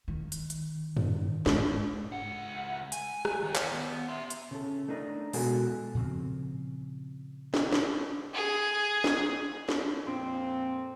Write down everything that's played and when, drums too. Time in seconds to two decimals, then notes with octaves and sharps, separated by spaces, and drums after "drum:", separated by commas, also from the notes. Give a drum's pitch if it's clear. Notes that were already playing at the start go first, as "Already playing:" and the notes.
0.08 D#3
0.32 drum: hi-hat
0.50 drum: hi-hat
0.97 drum: tom F#2
1.46 G#2, drum: snare
2.12 C#2 F#5
2.92 G#5, drum: hi-hat
3.25 drum: rim click
3.43 D#3 G4
3.55 drum: clap
3.71 B3
4.09 E5 C6
4.30 drum: hi-hat
4.51 C#3 A4
4.88 A3 D4 D#4 A#4
5.33 B2 G#3 F#4 A4 A#4 G#5, drum: open hi-hat
5.95 A#2 C#3 F3 C4
7.54 drum: snare
7.72 drum: snare
8.34 G#4
9.04 drum: snare
9.69 drum: snare
10.06 F2 A#2 C4